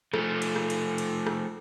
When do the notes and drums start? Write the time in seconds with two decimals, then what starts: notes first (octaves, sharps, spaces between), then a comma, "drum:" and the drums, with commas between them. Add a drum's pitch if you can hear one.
0.14 F3 A3, drum: rim click
0.42 drum: cymbal
0.56 drum: rim click
0.70 drum: cymbal
0.98 drum: cymbal
1.27 drum: rim click